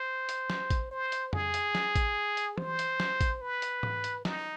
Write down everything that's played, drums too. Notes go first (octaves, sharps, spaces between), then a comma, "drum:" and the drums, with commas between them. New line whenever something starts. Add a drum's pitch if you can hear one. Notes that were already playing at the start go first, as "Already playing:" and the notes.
Already playing: C5
drum: hi-hat
drum: snare
drum: kick A1, hi-hat
C5
drum: hi-hat
G#4, drum: tom F2
drum: hi-hat
drum: snare
drum: kick A1, hi-hat
drum: hi-hat
C5, drum: tom E3
drum: hi-hat
drum: snare
drum: kick A1, hi-hat
B4
drum: hi-hat
drum: tom G#2
drum: hi-hat
D#4, drum: snare